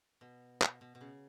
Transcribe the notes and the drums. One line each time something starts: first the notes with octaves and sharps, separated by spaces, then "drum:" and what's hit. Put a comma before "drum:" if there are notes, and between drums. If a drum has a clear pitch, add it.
B2
B2, drum: clap
B2
B2
C#3